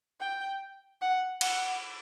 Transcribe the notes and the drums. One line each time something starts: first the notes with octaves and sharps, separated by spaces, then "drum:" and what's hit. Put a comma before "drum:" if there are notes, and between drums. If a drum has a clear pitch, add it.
G5
F#5
F#5, drum: cymbal